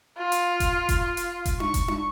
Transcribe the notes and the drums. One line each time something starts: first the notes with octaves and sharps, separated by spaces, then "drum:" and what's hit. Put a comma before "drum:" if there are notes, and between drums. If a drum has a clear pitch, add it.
F4
drum: hi-hat
drum: kick F1, hi-hat
drum: kick F1, hi-hat
F4
drum: hi-hat
drum: kick F1, hi-hat
C#6, drum: tom D4
drum: kick F1, hi-hat
drum: tom D4